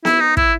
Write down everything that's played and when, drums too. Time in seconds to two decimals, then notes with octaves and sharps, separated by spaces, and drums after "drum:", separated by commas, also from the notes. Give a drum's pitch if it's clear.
0.05 E4, drum: snare B3
0.21 D#4
0.37 E4, drum: kick